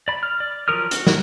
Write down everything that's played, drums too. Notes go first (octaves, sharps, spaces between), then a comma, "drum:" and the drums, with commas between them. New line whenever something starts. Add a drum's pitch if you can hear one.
D5 B5
F6
D5
F3 F#3 A#4 D#6 F6
F#4, drum: hi-hat
drum: snare